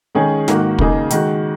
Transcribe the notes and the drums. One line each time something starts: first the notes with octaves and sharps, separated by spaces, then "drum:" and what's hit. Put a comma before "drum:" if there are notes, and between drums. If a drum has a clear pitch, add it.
D#3 G#3 C#4 G#4
G#2 D#3 A#3 D#4 F#4, drum: snare
C#3 A#3 D#4 G#4, drum: kick
D#3 G#3 F#4, drum: hi-hat